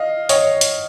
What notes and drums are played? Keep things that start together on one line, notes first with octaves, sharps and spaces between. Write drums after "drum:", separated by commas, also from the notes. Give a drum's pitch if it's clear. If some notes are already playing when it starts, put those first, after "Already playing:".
Already playing: D#5 F5
C#5 D#5, drum: hi-hat
drum: hi-hat